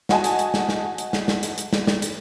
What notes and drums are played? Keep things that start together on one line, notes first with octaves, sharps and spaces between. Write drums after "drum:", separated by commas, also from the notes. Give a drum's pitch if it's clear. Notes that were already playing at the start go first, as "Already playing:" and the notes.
F#4 D#5 G#5 A5, drum: snare
drum: hi-hat
drum: hi-hat
drum: snare
drum: snare
drum: hi-hat
drum: snare
drum: snare
drum: hi-hat
drum: hi-hat
drum: snare
drum: snare
drum: hi-hat